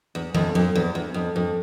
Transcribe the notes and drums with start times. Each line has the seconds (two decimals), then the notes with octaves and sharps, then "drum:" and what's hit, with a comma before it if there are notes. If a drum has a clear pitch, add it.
0.15 E2
0.35 F2, drum: tom D#3
0.55 F2
0.75 E2
0.95 E2
1.14 F2
1.36 F2